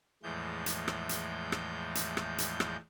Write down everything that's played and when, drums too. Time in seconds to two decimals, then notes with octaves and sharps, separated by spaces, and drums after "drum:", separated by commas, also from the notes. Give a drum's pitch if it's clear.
0.23 E2 A2 E3 F3 G#3 G6
0.66 drum: hi-hat
0.88 drum: rim click
1.09 drum: hi-hat
1.52 drum: rim click
1.95 drum: hi-hat
2.17 drum: rim click
2.38 drum: hi-hat
2.60 drum: rim click